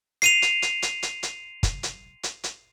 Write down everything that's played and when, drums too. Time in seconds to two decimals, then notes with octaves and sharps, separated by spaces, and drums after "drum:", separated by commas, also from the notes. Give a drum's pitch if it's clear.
0.22 C7 D#7 F7, drum: hi-hat
0.42 drum: hi-hat
0.62 drum: hi-hat
0.82 drum: hi-hat
1.02 drum: hi-hat
1.23 drum: hi-hat
1.63 drum: kick, hi-hat
1.83 drum: hi-hat
2.23 drum: hi-hat
2.43 drum: hi-hat